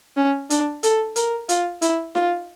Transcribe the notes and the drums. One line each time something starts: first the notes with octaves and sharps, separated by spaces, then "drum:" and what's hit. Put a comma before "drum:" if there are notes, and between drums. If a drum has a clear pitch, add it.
C#4
D4, drum: hi-hat
A4, drum: hi-hat
A#4, drum: hi-hat
F4, drum: hi-hat
E4, drum: hi-hat
F4, drum: snare D#4